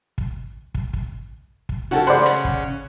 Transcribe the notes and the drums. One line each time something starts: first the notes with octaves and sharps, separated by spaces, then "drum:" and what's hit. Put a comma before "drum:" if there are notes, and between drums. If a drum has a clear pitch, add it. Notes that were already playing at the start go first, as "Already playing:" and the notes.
drum: kick
drum: kick
drum: kick
drum: kick
C#3 F#4 A4 F#5 G5 A5
C5 D5 F#5 B5 C6
drum: rim click
drum: kick